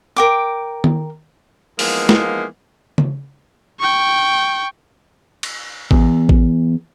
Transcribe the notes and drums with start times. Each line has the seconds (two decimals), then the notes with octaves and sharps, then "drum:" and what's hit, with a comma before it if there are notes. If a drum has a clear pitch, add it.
0.16 A#4 G5 D6
0.84 drum: tom D#3
1.79 E3 F3 G#3 A#3 B3 D#4, drum: open hi-hat
2.09 drum: snare
2.98 drum: tom C#3
3.80 G5 C#6
5.43 drum: cymbal
5.91 E2, drum: kick A1
6.29 drum: kick A1